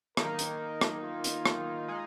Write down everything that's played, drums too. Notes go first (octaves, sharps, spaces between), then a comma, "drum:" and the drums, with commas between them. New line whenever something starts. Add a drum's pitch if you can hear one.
D#3 A#3 D#4 A#4, drum: rim click
drum: hi-hat
drum: rim click
F4
drum: hi-hat
drum: rim click
G#3 D#4 G#4